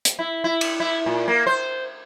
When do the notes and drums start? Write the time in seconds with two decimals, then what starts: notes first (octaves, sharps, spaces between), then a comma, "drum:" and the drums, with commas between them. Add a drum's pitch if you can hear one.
0.05 drum: hi-hat
0.19 E4
0.44 E4
0.61 drum: cymbal
0.80 E4
1.06 A#2
1.28 A#3
1.46 C5